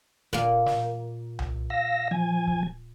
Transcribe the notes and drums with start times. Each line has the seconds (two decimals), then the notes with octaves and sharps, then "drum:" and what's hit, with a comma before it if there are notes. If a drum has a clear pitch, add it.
0.33 A#2 A#3, drum: kick C#1
0.66 drum: snare
1.39 drum: tom C2
1.70 F5 E6 A#6
2.11 F3 G#5 G#6
2.47 drum: kick C#1